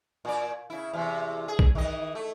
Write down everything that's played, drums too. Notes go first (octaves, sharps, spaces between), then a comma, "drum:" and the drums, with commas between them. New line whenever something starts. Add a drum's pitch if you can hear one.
A#2 D5
C#3 E4
E2 C3
G#4
drum: kick
D#3 E3 D#5
A3